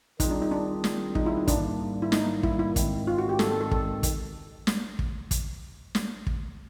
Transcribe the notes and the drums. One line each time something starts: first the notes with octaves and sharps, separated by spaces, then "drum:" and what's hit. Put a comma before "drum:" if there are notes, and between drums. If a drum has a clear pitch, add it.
D#3 G3 C4 D#4 F4 G#4, drum: kick, hi-hat
D4
D#4
D4
drum: snare
D#4, drum: kick
E4
D#4
G#2 D#3 G3 A#3 D4, drum: kick, hi-hat
E4
D#4, drum: snare
E4, drum: kick
E4
G#2 D#3 G#3 C4, drum: kick, hi-hat
F4
F#4
G4
A4, drum: snare
A4
A4
A4, drum: kick
drum: kick, hi-hat
drum: snare
drum: kick
drum: kick, hi-hat
drum: snare
drum: kick